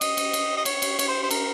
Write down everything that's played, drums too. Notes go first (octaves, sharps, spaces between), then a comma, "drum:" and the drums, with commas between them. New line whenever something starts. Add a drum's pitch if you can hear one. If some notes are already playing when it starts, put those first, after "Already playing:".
D#5, drum: cymbal
drum: cymbal
drum: cymbal
D#5
C#5, drum: cymbal
drum: cymbal
C#5, drum: cymbal
C5
C5
A#4, drum: cymbal